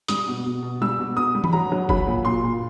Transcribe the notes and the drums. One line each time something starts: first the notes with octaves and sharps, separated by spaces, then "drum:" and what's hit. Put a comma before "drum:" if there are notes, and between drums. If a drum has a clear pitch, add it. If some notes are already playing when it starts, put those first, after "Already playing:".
G3 D#6, drum: hi-hat
B2
B2
B2
G3 E6
B2
B2 D#6
G3
B5, drum: tom E3
F#3 A#5
F#3
F#3 B5, drum: kick
A#2
A#2 C6
A#2